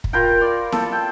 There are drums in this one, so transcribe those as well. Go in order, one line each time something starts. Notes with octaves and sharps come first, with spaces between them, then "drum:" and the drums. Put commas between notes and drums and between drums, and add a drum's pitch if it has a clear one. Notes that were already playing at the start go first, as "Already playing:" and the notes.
drum: kick
F4 A#4 B4 G5
D5
A4, drum: snare E4
G5